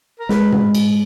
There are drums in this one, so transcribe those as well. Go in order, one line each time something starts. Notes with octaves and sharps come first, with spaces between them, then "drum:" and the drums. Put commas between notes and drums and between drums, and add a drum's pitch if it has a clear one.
A#4
G#3 B4, drum: snare
drum: tom
drum: cymbal